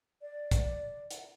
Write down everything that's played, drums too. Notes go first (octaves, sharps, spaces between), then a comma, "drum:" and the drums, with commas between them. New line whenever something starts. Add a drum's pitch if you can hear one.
D5
drum: kick, hi-hat
drum: hi-hat